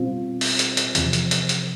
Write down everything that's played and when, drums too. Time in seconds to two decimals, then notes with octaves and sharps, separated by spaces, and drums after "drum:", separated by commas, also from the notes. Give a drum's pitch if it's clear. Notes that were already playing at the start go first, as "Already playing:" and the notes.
Already playing: B2 G3 C4 F4
0.41 drum: open hi-hat
0.59 drum: hi-hat
0.77 drum: hi-hat
0.95 E2 C3 F3, drum: hi-hat
1.13 drum: hi-hat
1.31 drum: hi-hat
1.49 drum: hi-hat